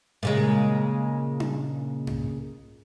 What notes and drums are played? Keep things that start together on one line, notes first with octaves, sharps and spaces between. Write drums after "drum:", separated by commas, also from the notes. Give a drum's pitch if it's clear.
A#2 C#3 G#3
drum: tom D4
drum: tom G2